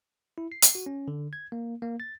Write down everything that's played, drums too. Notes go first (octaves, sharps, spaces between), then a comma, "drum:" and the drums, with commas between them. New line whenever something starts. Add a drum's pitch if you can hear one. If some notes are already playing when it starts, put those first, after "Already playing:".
E4
C7
drum: hi-hat
F#4
C#4
D3
G#6
A#3
A#3
A6